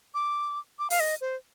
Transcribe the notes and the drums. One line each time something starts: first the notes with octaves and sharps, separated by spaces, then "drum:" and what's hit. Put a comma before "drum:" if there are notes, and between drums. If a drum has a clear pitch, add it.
D6
D6
F5, drum: open hi-hat
D#5
C5